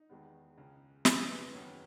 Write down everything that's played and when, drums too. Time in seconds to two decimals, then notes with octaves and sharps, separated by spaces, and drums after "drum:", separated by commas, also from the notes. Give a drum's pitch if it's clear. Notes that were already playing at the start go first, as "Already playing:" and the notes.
Already playing: D#4
0.09 E2 D#3 G#3 B3
0.57 C#2 C#3 G#3
1.05 F#1 E2 C#3 G#3 E4, drum: snare
1.29 B4
1.53 F#2 D#3 F#3 C#4 C#5
1.64 B4